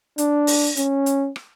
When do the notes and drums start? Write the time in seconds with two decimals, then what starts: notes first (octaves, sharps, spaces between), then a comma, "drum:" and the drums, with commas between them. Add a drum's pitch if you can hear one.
0.18 D4, drum: hi-hat
0.47 drum: open hi-hat
0.77 C#4, drum: hi-hat
1.06 drum: hi-hat
1.36 drum: rim click